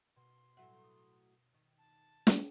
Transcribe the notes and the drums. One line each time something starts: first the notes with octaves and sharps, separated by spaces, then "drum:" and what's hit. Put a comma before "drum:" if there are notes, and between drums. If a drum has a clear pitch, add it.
B2 C6
A2 F#3 E5 F#5
D#6
D#3
A5
drum: snare